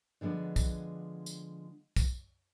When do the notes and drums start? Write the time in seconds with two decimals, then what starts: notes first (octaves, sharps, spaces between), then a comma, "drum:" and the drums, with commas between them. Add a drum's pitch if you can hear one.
0.21 D3 F3 G#3 B3 D4
0.56 drum: kick, tambourine
1.26 drum: tambourine
1.96 drum: kick, tambourine